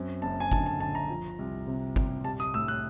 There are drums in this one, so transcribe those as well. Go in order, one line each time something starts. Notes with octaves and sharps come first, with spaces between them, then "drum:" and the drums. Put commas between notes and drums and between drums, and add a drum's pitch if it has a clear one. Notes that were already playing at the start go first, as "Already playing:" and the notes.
Already playing: F#2 C4
F#1 A5
G#5
D3 A5, drum: kick G1
A5
D3 A5
A#5
F3
C2
C3
C2, drum: kick G1
G3 A5
D#6
A2 E6
F#6